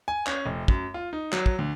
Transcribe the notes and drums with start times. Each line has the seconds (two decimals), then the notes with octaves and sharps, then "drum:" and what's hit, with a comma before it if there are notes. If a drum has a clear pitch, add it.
0.08 G#5
0.27 C#4, drum: clap
0.46 F1
0.68 F#2, drum: kick
0.94 F4
1.13 D#4
1.32 F#3, drum: clap
1.46 drum: kick
1.58 D2